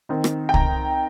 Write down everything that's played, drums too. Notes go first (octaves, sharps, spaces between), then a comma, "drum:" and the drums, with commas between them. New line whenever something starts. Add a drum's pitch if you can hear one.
D#3 C4 D#4
drum: rim click
G5
A#5, drum: kick C2